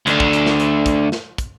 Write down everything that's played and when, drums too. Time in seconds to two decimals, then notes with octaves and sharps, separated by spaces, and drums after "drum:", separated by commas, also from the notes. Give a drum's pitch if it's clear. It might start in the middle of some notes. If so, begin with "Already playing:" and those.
0.07 D2 D3, drum: hi-hat
0.20 drum: kick
0.33 drum: hi-hat
0.46 drum: snare
0.60 drum: hi-hat
0.86 drum: kick, hi-hat
1.12 drum: snare
1.38 drum: kick, hi-hat